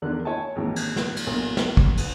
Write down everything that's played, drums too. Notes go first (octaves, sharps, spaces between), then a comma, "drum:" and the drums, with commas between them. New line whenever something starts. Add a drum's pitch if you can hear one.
E2 D3 D#3 F#6
E4 C#5 G#5 A5
G#1 D#2 E3
drum: cymbal
drum: snare
drum: cymbal
B1 A#3 G#5
drum: snare
drum: kick
drum: cymbal